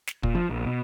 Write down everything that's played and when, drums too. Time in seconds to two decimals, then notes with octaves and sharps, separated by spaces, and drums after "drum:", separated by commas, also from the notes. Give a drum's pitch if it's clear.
0.07 drum: snare
0.23 A#2, drum: kick
0.35 F3
0.50 A#1
0.66 B2